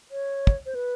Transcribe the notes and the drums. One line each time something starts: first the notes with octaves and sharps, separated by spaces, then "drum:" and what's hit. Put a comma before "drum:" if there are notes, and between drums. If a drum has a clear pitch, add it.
C#5
drum: kick
C5
B4